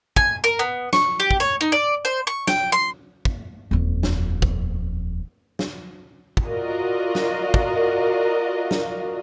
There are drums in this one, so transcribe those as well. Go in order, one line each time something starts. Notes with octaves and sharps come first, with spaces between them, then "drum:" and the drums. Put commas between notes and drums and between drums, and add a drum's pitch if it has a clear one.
G#5, drum: kick
A#4
B3
C#6, drum: snare
G4
drum: kick
C#5
D#4
D5
C5
C#6
G5, drum: snare
C6
drum: kick
D#1 F2
drum: snare
drum: kick
drum: snare
drum: kick
F4 F#4 A#4 D5 D#5 F5
drum: snare
drum: kick
drum: snare